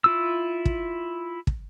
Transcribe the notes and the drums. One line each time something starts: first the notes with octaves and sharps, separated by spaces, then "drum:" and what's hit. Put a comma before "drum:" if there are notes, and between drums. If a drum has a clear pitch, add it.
E4 F4 E6
drum: kick
drum: kick